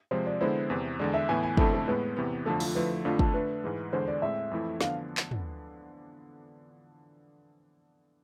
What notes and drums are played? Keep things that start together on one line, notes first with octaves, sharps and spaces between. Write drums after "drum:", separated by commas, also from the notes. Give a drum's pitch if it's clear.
C3 F3 G#3 C5
D5
D3 G#3 B3 E4 C5
E2 C3 E3
E2 D3 G#3 D5
E5
A2 E3 B3 E4 G#5
G#5
F2 D3 A3 C4 E4 A4, drum: kick
A4
A2 G#3 B3 B4
E2 C3 E3 B3
F2 D3 F3 A3 A4
F4, drum: open hi-hat
D3 F3 A3 E4 B4
F2 D3 A3 D4 F4
A4, drum: kick
D3 A3 D4 B4
G#2 E3 G#3
E2 D3 G#3 C5
D5
A2 G#3 C4 E5
F2 E3 A3 E4
D3 F3 B3 D4 F5, drum: snare
drum: clap
drum: tom